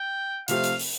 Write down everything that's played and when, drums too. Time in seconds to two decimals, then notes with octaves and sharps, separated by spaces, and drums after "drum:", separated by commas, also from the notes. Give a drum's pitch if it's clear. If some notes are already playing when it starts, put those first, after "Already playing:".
Already playing: G5
0.48 C3 F3 A3 C4 G4 F5, drum: hi-hat
0.64 drum: hi-hat
0.79 drum: open hi-hat